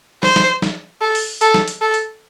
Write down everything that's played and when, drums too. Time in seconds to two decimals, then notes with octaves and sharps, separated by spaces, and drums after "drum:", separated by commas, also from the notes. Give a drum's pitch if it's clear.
0.23 C5, drum: snare
0.36 drum: snare
0.62 drum: snare
1.01 A4
1.15 drum: open hi-hat
1.41 A4, drum: hi-hat
1.54 drum: snare
1.68 drum: hi-hat
1.81 A4
1.94 drum: hi-hat